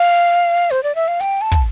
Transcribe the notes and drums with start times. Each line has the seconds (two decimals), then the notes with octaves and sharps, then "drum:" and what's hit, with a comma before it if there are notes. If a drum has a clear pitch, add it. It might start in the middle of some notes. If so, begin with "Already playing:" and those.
Already playing: F5
0.71 C5, drum: hi-hat
0.83 D5
0.95 E5
1.08 F5
1.20 G5, drum: hi-hat
1.41 A5
1.52 drum: kick, hi-hat